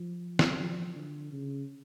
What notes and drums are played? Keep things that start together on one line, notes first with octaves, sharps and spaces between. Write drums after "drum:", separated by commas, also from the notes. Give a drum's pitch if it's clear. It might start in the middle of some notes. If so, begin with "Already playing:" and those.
Already playing: F3
drum: snare
F3
D3
C#3